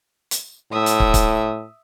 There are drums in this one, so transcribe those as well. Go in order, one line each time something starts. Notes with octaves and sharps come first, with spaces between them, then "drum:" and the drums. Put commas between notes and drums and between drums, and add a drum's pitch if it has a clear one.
drum: hi-hat
A2 E5 D#6
drum: hi-hat
drum: kick
drum: kick, hi-hat